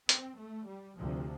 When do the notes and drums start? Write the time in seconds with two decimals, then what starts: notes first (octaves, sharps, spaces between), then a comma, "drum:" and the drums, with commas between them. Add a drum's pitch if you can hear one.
0.09 C4, drum: hi-hat
0.39 A3
0.68 G3
0.97 D2 C3 F3